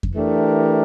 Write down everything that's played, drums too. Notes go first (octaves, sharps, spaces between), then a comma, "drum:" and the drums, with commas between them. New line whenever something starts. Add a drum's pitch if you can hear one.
drum: kick F2
E3 A3 D4 G4 A#4